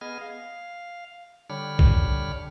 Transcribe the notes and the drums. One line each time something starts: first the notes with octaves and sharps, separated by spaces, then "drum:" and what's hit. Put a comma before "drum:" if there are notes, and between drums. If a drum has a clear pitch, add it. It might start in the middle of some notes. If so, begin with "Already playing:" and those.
B3 G#4 D#5 F6
F5
D3 G3 D4 C#5 B5 F6
drum: kick